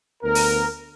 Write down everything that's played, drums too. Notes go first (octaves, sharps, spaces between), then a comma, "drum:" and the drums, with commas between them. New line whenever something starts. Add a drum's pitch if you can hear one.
D2 B3 A#4
drum: open hi-hat